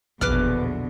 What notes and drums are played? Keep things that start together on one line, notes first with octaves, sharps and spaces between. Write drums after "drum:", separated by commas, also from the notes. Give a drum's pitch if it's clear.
A#1 E2 B2 D3 B4 D6 F6, drum: kick